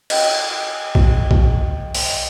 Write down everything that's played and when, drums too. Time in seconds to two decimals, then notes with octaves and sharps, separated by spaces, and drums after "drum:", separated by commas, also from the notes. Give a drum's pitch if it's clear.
0.10 D#5 G5, drum: cymbal
0.95 drum: kick B1
1.31 drum: kick B1
1.95 drum: open hi-hat